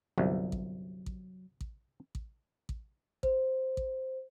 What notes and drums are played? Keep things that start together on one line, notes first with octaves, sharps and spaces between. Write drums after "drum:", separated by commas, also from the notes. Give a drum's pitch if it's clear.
G1 C2 F#3
drum: kick A1
drum: kick A1
drum: kick A1
drum: kick A1
drum: kick A1
C5, drum: kick A1
drum: kick A1